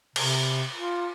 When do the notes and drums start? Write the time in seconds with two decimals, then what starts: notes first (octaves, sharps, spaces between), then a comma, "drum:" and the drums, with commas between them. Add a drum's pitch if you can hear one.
0.16 C3, drum: cymbal
0.75 F4